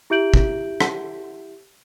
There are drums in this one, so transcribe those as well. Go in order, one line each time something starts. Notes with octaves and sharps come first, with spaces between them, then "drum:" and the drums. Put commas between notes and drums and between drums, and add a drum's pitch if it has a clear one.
E4 G4 E5 G6 D7 F#7
drum: kick
drum: rim click